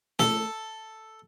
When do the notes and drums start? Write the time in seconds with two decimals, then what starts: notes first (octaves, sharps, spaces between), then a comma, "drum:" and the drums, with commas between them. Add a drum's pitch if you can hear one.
0.19 A4, drum: snare